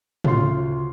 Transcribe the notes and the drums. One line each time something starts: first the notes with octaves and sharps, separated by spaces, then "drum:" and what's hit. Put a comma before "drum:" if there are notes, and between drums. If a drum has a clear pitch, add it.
D2 C#3 F4 C6 C7, drum: tom